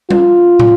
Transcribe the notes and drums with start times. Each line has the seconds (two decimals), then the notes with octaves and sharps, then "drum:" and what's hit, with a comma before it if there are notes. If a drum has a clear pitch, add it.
0.10 F4, drum: tom G3
0.59 drum: tom